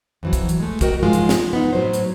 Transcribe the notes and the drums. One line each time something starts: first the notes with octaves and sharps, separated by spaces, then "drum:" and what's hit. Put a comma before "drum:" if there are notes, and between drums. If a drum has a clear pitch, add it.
F2 E3 F#3
drum: kick, hi-hat
drum: hi-hat
G#3 A3
D2 F#4 A#4 D#5 G5, drum: kick, hi-hat
G#2 F3 G#3 F4
drum: hi-hat
drum: snare
B3 D#4
A2 F#3 C5
drum: hi-hat